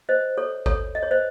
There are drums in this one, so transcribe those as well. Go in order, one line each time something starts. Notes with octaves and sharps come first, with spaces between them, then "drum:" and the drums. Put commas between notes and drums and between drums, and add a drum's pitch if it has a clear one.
C5 D#5
A4 C#5
A4 C#5, drum: kick G#1
D#5
C#5
C5 D#5